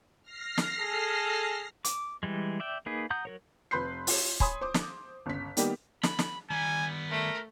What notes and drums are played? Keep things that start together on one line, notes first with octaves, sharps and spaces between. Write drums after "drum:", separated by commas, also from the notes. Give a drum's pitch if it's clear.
F6 A#6 C7
drum: snare
G#4 A4
D6, drum: hi-hat
E3 G3 G#3
D5 E5 G5
A#3 D#4 G#4 B4
F#5 A#5 D#6 G6
F#3 A#4 C#5
F1 B4 B5 C6 G6 C7
F4 C#5, drum: open hi-hat
C#5 G#5 B5 C6 D#6, drum: kick
C5 D6
drum: snare
G1 C#2 B6
D#3 G3 A#3 B3 G4, drum: hi-hat
B5, drum: snare
drum: snare
D#3 G3 B3 G#5 A#5
A3 A#4